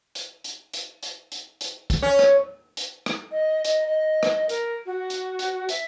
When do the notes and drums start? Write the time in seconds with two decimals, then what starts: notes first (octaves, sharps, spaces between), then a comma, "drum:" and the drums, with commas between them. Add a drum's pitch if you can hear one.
0.15 drum: hi-hat
0.44 drum: hi-hat
0.73 drum: hi-hat
1.03 drum: hi-hat
1.32 drum: hi-hat
1.61 drum: hi-hat
1.90 drum: kick, hi-hat
2.02 C#4
2.19 drum: rim click
2.77 drum: hi-hat
3.06 drum: rim click
3.31 D#5
3.64 D#5, drum: hi-hat
3.86 D#5
4.23 drum: rim click
4.49 A#4, drum: hi-hat
4.86 F#4
5.10 drum: hi-hat
5.39 drum: hi-hat
5.69 E5, drum: hi-hat